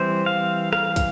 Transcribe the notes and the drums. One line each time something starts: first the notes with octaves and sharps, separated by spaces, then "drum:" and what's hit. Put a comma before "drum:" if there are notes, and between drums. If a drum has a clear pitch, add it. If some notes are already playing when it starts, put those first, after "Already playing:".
Already playing: E3 G3 C4 C5
F5
F5, drum: rim click
drum: kick, hi-hat